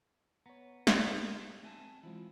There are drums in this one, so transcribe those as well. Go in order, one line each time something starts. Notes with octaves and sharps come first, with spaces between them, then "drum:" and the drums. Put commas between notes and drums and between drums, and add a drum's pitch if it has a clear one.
B3 C#5 A#5
drum: snare
C4 E5 G#5 A5
E3 G#3 C4 E4 F4